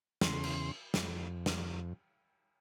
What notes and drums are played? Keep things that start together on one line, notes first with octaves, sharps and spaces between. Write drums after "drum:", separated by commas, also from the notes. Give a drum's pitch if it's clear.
E2 C#3 C6, drum: snare
drum: cymbal
F2, drum: snare
drum: snare